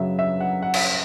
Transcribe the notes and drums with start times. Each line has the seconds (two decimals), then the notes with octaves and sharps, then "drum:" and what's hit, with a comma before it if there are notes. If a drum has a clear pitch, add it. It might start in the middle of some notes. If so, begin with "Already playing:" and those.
Already playing: F#2 C#3 F#3 E5
0.19 E5
0.41 F#5
0.62 F#5
0.74 drum: cymbal